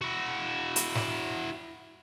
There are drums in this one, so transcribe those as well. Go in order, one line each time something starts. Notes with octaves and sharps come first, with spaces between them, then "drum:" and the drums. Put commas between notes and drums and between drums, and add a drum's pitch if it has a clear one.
E4 F#4
drum: hi-hat
drum: snare